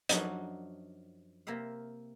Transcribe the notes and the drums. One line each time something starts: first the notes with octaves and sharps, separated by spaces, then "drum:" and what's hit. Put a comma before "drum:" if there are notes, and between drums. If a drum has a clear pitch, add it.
F#2 F3 F#3 D4 D#4 F#4, drum: hi-hat
C3 A#3 G4 E5 F5